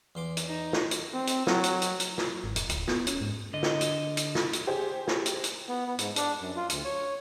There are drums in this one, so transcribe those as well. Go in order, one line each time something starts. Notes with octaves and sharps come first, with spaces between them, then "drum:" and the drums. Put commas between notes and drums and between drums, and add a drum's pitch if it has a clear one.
E2 C6 D6
drum: hi-hat
D#4
drum: snare
drum: hi-hat
C4
drum: hi-hat
F#3, drum: snare
drum: hi-hat
drum: hi-hat
drum: hi-hat
drum: snare
G#1
F1, drum: hi-hat
D1, drum: hi-hat
B3, drum: snare
C#4, drum: hi-hat
G#2
D3 D#5
drum: snare
drum: hi-hat
drum: hi-hat
drum: snare
drum: hi-hat
G4 G#4 C5
drum: snare
drum: hi-hat
drum: hi-hat
B3
B3
G#2, drum: hi-hat
D4, drum: hi-hat
F#2
F4
D2, drum: hi-hat
C#5